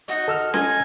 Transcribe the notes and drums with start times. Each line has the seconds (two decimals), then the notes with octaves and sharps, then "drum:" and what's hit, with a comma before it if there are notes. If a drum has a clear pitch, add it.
0.08 D#4 F#4 D#5, drum: hi-hat
0.28 A4 E6 F6
0.54 D#4 G#5, drum: snare C#4